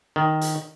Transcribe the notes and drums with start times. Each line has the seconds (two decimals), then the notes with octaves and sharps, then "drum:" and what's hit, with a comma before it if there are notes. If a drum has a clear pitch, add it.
0.16 D#3
0.41 drum: hi-hat